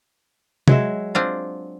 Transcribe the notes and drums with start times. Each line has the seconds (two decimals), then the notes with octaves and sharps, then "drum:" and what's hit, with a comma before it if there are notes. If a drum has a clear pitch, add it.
0.68 F#3 G#3 E5, drum: tom C3
1.15 C4 D4 F4